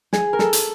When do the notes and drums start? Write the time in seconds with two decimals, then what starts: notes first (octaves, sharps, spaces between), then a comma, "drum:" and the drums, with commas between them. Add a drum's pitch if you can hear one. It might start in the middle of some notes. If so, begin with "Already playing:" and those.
0.13 G#4, drum: snare
0.33 A#4
0.39 A4, drum: snare
0.53 drum: hi-hat